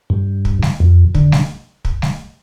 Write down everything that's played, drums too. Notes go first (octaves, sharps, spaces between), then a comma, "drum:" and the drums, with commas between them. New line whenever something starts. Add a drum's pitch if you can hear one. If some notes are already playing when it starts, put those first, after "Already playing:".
G2
drum: kick
drum: snare G3
F2
D3, drum: kick
drum: snare G3
drum: kick
drum: snare G3